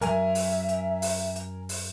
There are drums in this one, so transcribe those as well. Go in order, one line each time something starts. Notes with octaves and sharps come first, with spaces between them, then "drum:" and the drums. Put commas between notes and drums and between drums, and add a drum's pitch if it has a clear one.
B1 F#2 A#4 E5 G#5, drum: hi-hat
drum: open hi-hat
drum: hi-hat
drum: open hi-hat
drum: hi-hat
drum: open hi-hat